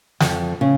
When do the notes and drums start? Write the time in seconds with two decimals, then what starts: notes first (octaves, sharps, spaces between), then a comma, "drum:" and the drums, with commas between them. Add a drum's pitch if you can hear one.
0.20 F2, drum: snare
0.61 C#3